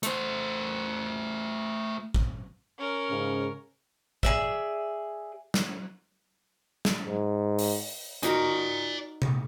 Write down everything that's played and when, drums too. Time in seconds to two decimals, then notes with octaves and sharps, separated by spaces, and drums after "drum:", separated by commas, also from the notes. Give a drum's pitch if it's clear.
0.03 A3 C5, drum: hi-hat
2.14 drum: kick
2.78 C#4 A#4
3.10 G#2 C#3
4.23 G#4 D5 E5, drum: kick
5.54 drum: snare
6.85 drum: snare
7.06 G#2
7.59 drum: open hi-hat
8.23 D#4 F#4 A#4 D5 G#5, drum: hi-hat
9.22 drum: tom C3